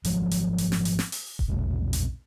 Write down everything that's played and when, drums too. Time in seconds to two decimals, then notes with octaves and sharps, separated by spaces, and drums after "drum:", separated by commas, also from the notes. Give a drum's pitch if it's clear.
0.04 G#1 F3 F#3 G#3, drum: hi-hat
0.31 drum: hi-hat
0.58 drum: hi-hat
0.72 drum: snare
0.85 drum: hi-hat
0.99 drum: snare
1.12 drum: open hi-hat
1.39 drum: kick E1
1.48 A#1 E2 B2 G#3
1.93 drum: hi-hat